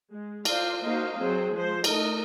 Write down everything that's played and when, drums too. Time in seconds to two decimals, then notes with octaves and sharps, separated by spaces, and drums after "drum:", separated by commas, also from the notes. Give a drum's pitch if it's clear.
0.11 G#3
0.45 F4 C5 D5 F5, drum: cymbal
0.83 A#3 D#4 F#4 C5 D#5 F5
1.18 F#3 C4 G#4 C5
1.53 F3 G#3 C5
1.84 A3 D#4 A4 A#4 D#5, drum: cymbal